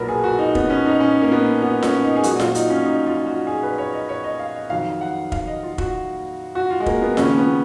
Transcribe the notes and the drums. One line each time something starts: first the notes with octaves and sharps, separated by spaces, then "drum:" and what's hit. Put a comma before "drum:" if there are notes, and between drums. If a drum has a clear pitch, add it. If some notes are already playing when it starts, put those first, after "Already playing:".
Already playing: B1 A#2 F#3 A#4 B4
G#4
F#4
D#4
B3, drum: kick
C#4
D#4
C#4
A#3
B3
B3
C#4, drum: snare F4
D#4
G#4
A#1 A#2 F#3 F#4, drum: hi-hat
F4, drum: snare F4
D#4, drum: hi-hat
C#4
D#4
F4
F#4
G#4
B4
C#5
D#5
C#5
D#5
F5
D#5
F2 D#3 F#3 F5
F#5
F5, drum: kick
D#5
F4
F#4, drum: kick
F#4
F4
G#3
A#3, drum: kick
B3
D#2 C#3 F3 C#4, drum: snare F4
B3